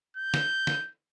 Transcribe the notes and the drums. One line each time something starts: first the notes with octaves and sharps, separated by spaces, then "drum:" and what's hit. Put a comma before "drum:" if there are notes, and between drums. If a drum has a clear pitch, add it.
G6
drum: snare
drum: snare